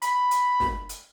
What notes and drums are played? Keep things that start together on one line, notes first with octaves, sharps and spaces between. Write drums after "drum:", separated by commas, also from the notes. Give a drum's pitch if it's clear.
B5, drum: hi-hat
drum: hi-hat
drum: snare
drum: hi-hat